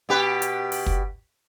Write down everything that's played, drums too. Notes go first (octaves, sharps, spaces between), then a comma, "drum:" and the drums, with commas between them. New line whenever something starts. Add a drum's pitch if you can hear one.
B2 G4 B4
drum: hi-hat
drum: open hi-hat
drum: kick